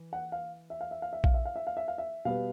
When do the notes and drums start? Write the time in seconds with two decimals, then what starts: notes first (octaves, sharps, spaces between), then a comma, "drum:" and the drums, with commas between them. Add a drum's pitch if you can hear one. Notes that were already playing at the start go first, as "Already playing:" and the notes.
Already playing: E3
0.13 F#5
0.32 F5
0.70 E5
0.81 F5
0.91 E5
1.02 F5
1.13 E5
1.24 F5, drum: kick A#1
1.34 E5
1.45 F5
1.56 E5
1.67 F5
1.77 E5
1.88 F5
1.98 E5
2.25 B2 G3 B3 F5